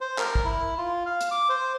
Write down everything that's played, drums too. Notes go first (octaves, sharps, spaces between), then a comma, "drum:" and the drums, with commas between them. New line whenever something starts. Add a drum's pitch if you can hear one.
C5
A#4, drum: clap
drum: kick
E4
F4
F5
drum: hi-hat
D6
C5